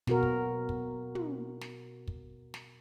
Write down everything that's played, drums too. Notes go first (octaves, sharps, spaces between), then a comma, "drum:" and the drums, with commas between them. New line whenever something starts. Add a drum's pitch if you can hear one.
B2 F#4 A#4, drum: snare
drum: kick
drum: kick
drum: tom
drum: snare
drum: kick
drum: snare